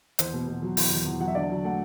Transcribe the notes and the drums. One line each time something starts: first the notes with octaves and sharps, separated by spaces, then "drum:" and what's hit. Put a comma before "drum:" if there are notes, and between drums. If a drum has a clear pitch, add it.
E2 C5, drum: hi-hat
B2
B2
F#3
E2, drum: open hi-hat
E2
E2
F#3 F#5
E5
D3 D5
F#3
A3 F#5